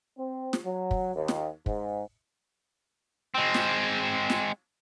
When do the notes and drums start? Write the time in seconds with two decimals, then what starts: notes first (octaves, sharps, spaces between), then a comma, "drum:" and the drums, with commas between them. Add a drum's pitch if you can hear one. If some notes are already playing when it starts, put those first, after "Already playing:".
0.18 C4
0.53 drum: snare
0.65 F#3
0.91 drum: kick
1.15 D#2
1.28 drum: snare
1.66 G#2, drum: kick
3.34 G#3 C4
3.54 drum: snare
4.30 drum: snare